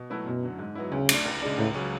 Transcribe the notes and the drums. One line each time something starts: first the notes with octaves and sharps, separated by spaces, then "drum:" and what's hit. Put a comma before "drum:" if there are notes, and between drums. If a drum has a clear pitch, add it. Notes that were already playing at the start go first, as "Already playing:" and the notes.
Already playing: B2
F#3 A3 E4 B4
F#2 B2
D3 F#3
G#2
F#3 B3 E4
D2 C#3
D3 A3 D4, drum: cymbal
C#2
C#3 G#3 D4
C#2 A2
C#3 F#3 C#4